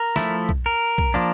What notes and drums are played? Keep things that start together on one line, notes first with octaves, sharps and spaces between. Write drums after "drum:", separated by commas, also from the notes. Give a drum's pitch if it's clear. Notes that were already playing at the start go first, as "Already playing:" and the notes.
Already playing: A#4
F3 A3 E4, drum: snare
drum: kick B1
A#4
drum: kick B1
F3 A#3 D4